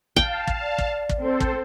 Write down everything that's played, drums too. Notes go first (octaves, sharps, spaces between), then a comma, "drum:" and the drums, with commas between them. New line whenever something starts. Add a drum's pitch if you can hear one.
F5 G5 A5, drum: kick
drum: kick
D5
drum: kick
drum: kick
C4 A4 C5
drum: kick